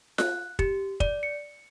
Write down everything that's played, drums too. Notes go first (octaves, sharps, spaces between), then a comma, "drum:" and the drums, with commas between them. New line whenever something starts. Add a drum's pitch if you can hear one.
F#6, drum: snare F4
G4, drum: kick
D5, drum: kick
C#7